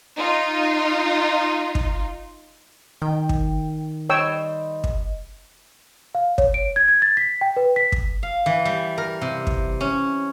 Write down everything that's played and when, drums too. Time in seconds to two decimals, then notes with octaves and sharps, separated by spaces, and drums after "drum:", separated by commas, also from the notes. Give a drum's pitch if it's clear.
0.17 D#4 F4
1.75 drum: kick
3.02 D#3 G5
3.29 drum: kick
4.10 G3 D#4 C5 C#5 G5 E6
4.84 drum: kick
6.15 F5
6.38 C#5, drum: kick
6.54 D7
6.76 G#6
6.88 G#6
7.02 A6
7.17 B6
7.41 G5
7.57 B4
7.76 B6
7.92 drum: kick
8.23 F5
8.46 E3
8.65 G3
8.98 A#4
9.21 C3
9.47 drum: kick
9.81 C#4